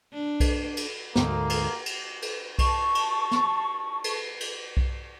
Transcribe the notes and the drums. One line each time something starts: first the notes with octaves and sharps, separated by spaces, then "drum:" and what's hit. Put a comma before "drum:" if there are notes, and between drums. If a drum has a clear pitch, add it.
D4
drum: kick B1, cymbal
drum: cymbal
D2 G#2 A#3, drum: snare
drum: cymbal
drum: cymbal
drum: cymbal
A5 C#6, drum: kick B1, cymbal
drum: cymbal
drum: snare
drum: cymbal
drum: cymbal
drum: kick B1